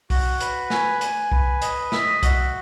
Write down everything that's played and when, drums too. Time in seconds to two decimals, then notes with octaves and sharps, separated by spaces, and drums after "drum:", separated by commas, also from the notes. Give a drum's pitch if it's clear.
0.10 F#4, drum: kick B1, open hi-hat
0.40 B4, drum: hi-hat
0.70 G#5, drum: snare
1.01 G#5, drum: hi-hat
1.32 B4, drum: kick B1
1.62 D#5, drum: hi-hat
1.92 E5, drum: snare
2.23 F#4, drum: kick B1, hi-hat